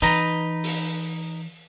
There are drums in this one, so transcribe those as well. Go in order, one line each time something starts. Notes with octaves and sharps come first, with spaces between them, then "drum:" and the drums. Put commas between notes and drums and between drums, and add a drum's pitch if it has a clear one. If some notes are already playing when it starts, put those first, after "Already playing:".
E3 D#4 B4 A#5
drum: open hi-hat